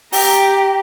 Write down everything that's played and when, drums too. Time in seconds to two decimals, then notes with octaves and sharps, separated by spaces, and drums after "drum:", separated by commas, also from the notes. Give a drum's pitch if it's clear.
0.13 G4 A#5, drum: open hi-hat